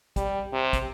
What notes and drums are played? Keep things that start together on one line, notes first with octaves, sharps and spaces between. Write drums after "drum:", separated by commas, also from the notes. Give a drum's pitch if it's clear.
G3, drum: kick, hi-hat
C3
drum: kick, hi-hat